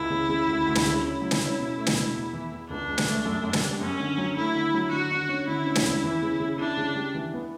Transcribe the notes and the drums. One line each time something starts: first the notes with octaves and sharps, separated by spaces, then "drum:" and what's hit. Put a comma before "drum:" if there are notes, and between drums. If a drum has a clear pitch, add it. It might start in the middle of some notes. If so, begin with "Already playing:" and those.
Already playing: C#2 E4
C#3
C#3
D2
D2
drum: snare
C#3
C#4 E4
F#3
drum: snare
C#4
B2
A3
drum: snare
B2
E2
E3
E2
C#2 D4
C#2
drum: snare
A3
F#2
F#2
drum: snare
G3
F#2 C#4
D3
F#3
A3 E4
D3
F#3
D3 F#4
D3
C#4
D3 E4
C#4
drum: snare
E2
E3
C#3
C#3
D4 E4
C#3
G3
E3
B3